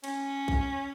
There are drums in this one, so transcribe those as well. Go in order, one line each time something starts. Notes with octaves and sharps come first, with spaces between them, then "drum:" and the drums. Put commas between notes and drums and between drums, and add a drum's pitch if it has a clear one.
C#4, drum: cymbal
drum: kick